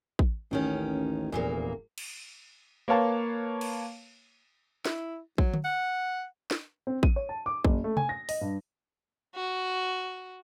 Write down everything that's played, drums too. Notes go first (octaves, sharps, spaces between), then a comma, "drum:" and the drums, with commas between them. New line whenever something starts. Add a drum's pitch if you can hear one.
drum: kick
A1 D#2 D#3 C#4
F1 E2 A#2 A#3
drum: cymbal
A#3 B4 C#5 F5 A5
drum: cymbal
E4, drum: snare
F#3, drum: kick
drum: tom D3
F#5
drum: snare
C4
D#7, drum: kick
C#5
A5
D6
F#1, drum: kick
A3
G#5, drum: tom C3
A#6
D#5, drum: open hi-hat
G2
F#4